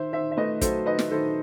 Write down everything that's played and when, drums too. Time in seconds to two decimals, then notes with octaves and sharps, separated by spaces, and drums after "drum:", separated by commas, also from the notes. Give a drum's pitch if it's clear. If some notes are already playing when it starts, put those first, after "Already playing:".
Already playing: D#3 C5 E5
0.13 D#3 C5 E5
0.32 E5
0.37 A3 B4 D#5
0.61 F#3 A4 C5, drum: kick, hi-hat
0.86 D#3 B4 D#5
0.99 drum: snare
1.10 D#3 A4 C5